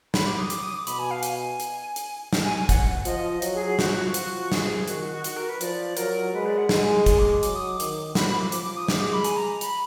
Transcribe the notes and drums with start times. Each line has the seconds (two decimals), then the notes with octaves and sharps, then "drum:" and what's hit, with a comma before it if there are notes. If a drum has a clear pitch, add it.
0.14 B5, drum: snare
0.26 D6
0.38 D#6
0.50 D6, drum: hi-hat
0.63 D#6
0.75 D6
0.87 B2 B5, drum: hi-hat
0.99 G#5
1.11 F5
1.23 G#5, drum: hi-hat
1.60 drum: hi-hat
1.96 drum: hi-hat
2.33 drum: snare
2.44 G#5
2.57 G#5
2.69 F#5, drum: kick, hi-hat
3.05 F3 D#5, drum: hi-hat
3.42 F#3, drum: hi-hat
3.54 G#4
3.66 G#4
3.79 F3 F#4, drum: snare
4.14 F3 F#4, drum: hi-hat
4.52 G#4, drum: snare
4.88 D#3 F#4, drum: hi-hat
5.00 F#4
5.12 F#4
5.24 F#4, drum: hi-hat
5.37 A#4
5.49 B4
5.61 F3 D5, drum: hi-hat
5.97 F#3 A#4, drum: hi-hat
6.33 G#3 B4
6.46 D5
6.58 F#5
6.69 G#3 G#5, drum: snare
7.06 G#5, drum: kick, hi-hat
7.19 D6
7.43 F#3 D6, drum: hi-hat
7.56 D#6
7.68 D6
7.80 D#3, drum: hi-hat
8.15 F3 B5, drum: snare
8.28 B5
8.40 D6
8.52 F3 D6, drum: hi-hat
8.64 D6
8.77 D#6
8.88 G#3 D6, drum: snare
9.01 D6
9.13 B5
9.24 G#5, drum: hi-hat
9.37 A#5
9.61 B5, drum: hi-hat